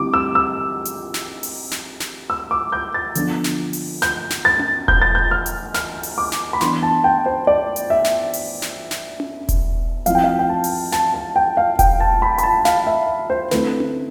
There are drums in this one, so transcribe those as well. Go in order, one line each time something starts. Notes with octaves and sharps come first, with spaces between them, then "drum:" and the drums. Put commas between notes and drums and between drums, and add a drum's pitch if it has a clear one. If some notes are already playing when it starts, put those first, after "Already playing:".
Already playing: D3 G3 C4 E4 D6
E6
E6
drum: hi-hat
drum: snare
drum: open hi-hat
drum: snare
drum: snare
E6
D6
G6
A6
D3 F3 B3 D4, drum: hi-hat
drum: snare
drum: open hi-hat
G6, drum: snare
drum: snare
A6
drum: tom C#4
G6, drum: kick E1
A6
G6
F6
drum: hi-hat
F6, drum: snare
drum: open hi-hat
D6
drum: snare
B5
E3 B3 D4 C6, drum: snare
A5
G5
C5
D5
drum: hi-hat
E5
drum: snare
drum: open hi-hat
drum: snare
drum: snare
drum: tom C#4
drum: kick E1, hi-hat
F3 C4 E4 F5, drum: hi-hat
G5
F5
G5
A5
drum: open hi-hat
A5, drum: snare
A5
G5
F5
G5, drum: kick E1, hi-hat
A5
B5
B5, drum: hi-hat
A5
F5, drum: snare
E5
C5
D3 A3 C4 E4 B4, drum: snare
drum: tom C#4